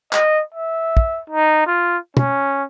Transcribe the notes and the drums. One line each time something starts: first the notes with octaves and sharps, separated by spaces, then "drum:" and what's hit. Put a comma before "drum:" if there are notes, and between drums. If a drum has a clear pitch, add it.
D#5, drum: clap
E5
drum: kick
D#4
F4
C#4, drum: tom